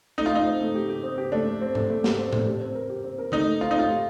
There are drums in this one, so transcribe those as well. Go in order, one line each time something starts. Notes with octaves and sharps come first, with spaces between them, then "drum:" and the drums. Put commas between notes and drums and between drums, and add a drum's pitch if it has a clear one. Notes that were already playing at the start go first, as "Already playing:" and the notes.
A3 D#4
F4
A3 D#4
C4
A3
G4
G4
C4
G4
A3 D4
A3
C4
A3, drum: tom G#2
A3
G4, drum: snare
C4
A3, drum: tom A2
G4
C4
A#4
G4
C4
A#4
A3 D#4, drum: tom D3
A3
C4 F4
D#4
A3 F4
G4